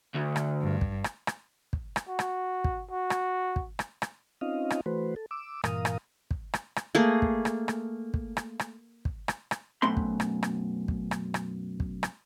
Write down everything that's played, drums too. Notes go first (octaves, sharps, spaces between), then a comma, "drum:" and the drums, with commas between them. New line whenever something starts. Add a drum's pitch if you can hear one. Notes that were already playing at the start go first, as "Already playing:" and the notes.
D2
drum: rim click
G2
drum: kick
drum: rim click
drum: rim click
drum: kick
drum: rim click
F#4
drum: rim click
drum: kick
F#4
drum: rim click
drum: kick
drum: rim click
drum: rim click
C4 C#4 D#4 F4 D#5 F5
drum: rim click
E3 A3 F#4 B4 C5
A4
D6 E6
G2 A#2 E3 A#4 F5 D#6, drum: rim click
drum: rim click
drum: kick
drum: rim click
drum: rim click
A3 A#3 G#4
drum: kick
drum: rim click
drum: rim click
drum: kick
drum: rim click
drum: rim click
drum: kick
drum: rim click
drum: rim click
F#2 B2 A3 C4 B5 C6
drum: kick
drum: rim click
drum: rim click
drum: kick
drum: rim click
drum: rim click
drum: kick
drum: rim click